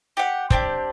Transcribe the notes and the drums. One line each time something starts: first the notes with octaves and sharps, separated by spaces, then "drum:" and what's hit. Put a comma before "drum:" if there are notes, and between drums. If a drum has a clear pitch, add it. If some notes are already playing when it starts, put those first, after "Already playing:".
G4 F#5
C4 D4 G4, drum: kick